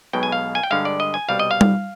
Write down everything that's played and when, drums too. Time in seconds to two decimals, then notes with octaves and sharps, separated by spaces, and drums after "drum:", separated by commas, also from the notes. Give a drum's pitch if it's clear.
0.13 B1 B2 G#3 G5
0.23 G#5
0.32 F5
0.55 G#5
0.64 G5
0.70 G2 D3 G#3 F5
0.85 D5
1.00 D#5
1.14 G#5
1.28 C2 B2 G3 F5
1.39 D#5
1.51 F5
1.61 drum: tom G3